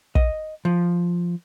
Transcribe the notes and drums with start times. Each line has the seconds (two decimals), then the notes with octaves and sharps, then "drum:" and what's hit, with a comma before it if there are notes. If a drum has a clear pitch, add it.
0.15 D#5, drum: kick
0.65 F3